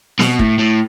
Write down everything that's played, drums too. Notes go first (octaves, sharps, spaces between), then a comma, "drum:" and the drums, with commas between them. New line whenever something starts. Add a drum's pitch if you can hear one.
B2, drum: snare
A2, drum: kick
A2